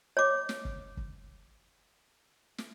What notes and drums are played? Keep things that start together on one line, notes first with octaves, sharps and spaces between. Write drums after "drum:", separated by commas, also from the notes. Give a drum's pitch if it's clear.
C#5 D6
drum: snare
drum: kick
drum: kick
drum: snare